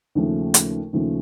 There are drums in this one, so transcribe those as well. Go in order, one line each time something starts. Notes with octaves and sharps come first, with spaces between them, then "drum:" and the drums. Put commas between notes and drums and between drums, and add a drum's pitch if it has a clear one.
D#2 C#3 F3 A3
drum: hi-hat
D#2 C#3 F3 A3